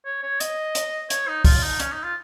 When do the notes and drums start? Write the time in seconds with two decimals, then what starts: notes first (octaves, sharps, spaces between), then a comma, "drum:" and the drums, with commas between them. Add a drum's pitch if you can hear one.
0.05 C#5
0.23 C#5
0.40 D#5, drum: hi-hat
0.75 drum: hi-hat
1.10 C#5, drum: hi-hat
1.28 D#4
1.45 F4, drum: kick, open hi-hat
1.63 D#4
1.80 C#4, drum: hi-hat
1.92 D#4
2.03 F4